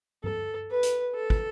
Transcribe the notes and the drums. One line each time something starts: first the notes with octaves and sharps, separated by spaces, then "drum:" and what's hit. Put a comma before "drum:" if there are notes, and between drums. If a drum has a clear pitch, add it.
A4, drum: tom G2
B4
drum: hi-hat
A4
drum: kick